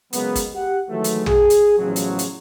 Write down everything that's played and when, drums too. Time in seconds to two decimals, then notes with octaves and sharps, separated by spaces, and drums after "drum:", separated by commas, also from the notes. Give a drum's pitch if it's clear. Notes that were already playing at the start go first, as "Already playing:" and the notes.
0.13 C#3 F#3 G#3 A#3 B3, drum: hi-hat
0.36 drum: kick, hi-hat
0.55 G4 F#5
0.90 D#3 E3 F#3 G#3 A3
1.04 drum: hi-hat
1.26 G#4, drum: tom
1.50 drum: hi-hat
1.78 A1 E2 C#3 F3 F#3
1.96 drum: hi-hat
2.19 drum: hi-hat